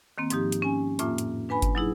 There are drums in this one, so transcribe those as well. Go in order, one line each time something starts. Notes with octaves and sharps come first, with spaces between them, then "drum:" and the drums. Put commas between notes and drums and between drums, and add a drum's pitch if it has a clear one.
D#3 A#3 C4
G#2 F3 D#4 G4, drum: hi-hat
drum: hi-hat
C#4 G#5
F2 A2 A#3 F4 E5 D6, drum: hi-hat
drum: hi-hat
D4 B4 G#5 B5
drum: kick G1, hi-hat
F#3 D#4 E4 G#4